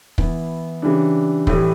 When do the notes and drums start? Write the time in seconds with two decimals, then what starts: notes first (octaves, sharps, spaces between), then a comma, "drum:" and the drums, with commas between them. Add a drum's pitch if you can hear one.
0.18 E3 B3 E4, drum: kick
0.82 C#3 E3 G3 D4
1.47 A2 E3 G3, drum: kick